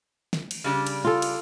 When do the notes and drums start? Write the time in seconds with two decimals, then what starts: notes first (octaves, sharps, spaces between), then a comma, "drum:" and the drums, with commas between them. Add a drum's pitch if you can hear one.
0.33 drum: snare
0.51 drum: cymbal
0.64 C#3 G3 D4
0.87 drum: cymbal
1.04 F4 A4
1.22 drum: cymbal